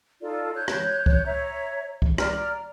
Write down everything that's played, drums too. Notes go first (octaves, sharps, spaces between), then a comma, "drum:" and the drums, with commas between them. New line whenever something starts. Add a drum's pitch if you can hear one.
D#4 F4 A4 D5
C#5 F#6 G6
drum: rim click
drum: kick C#2
C#5 E5 A#5
drum: kick C#2
D5 A#5 F6, drum: rim click